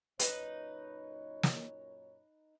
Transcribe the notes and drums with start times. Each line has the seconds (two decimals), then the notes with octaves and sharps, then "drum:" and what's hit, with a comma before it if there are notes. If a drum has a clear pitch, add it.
0.19 F#2 A#2 D#4 B4 C#5, drum: hi-hat
1.43 drum: snare